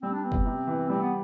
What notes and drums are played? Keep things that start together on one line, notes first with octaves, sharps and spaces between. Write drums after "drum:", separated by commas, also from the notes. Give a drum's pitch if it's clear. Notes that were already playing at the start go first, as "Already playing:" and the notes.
G3 C4
D4
B3 C4
drum: kick F#1
C3
E3
G3 C4
B3